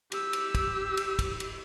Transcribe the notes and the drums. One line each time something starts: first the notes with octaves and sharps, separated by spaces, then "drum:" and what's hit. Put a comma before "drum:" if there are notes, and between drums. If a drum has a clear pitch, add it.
G4 E6, drum: cymbal
drum: cymbal
drum: kick, cymbal
drum: cymbal
drum: kick, cymbal
drum: cymbal